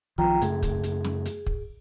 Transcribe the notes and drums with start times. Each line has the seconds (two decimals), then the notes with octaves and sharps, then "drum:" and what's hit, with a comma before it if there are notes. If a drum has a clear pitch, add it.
0.18 B1 D#3 F3 F4 G5 A#5
0.42 F#2 C#3 A3 G#4, drum: hi-hat
0.62 drum: kick, hi-hat
0.83 drum: hi-hat
1.04 drum: snare
1.25 drum: hi-hat
1.46 drum: kick